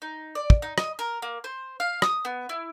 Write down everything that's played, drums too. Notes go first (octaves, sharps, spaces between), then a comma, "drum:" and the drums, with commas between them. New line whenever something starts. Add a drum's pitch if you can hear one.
D#4
D5
drum: kick
D#4
D#5, drum: rim click
A#4
A#3
C5
F5
D#6, drum: rim click
B3
E4